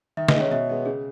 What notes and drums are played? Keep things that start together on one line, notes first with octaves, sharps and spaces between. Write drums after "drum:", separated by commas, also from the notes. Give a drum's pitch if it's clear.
D#3 E5
D#5, drum: snare
G#3
C#4 C#5
B2 E5
G#3 B3
C#3 G#4